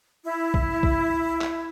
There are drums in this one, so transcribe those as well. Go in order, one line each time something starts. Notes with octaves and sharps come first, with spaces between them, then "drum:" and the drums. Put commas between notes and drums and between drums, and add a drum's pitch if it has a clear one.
E4
drum: kick
drum: kick
drum: clap